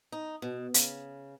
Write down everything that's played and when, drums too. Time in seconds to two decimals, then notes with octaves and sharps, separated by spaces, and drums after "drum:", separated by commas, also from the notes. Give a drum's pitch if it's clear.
0.12 D#4
0.42 B2
0.74 C#3, drum: hi-hat